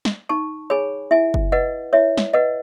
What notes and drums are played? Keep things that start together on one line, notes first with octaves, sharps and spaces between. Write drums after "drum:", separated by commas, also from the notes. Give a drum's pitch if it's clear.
drum: snare
D#4 A5 C#6
G#4 C#5 G#5 B5
E4 E5 G#5
drum: kick F#1
B4 D#5 F#5
E4 C#5 E5
drum: snare
B4 D#5 F#5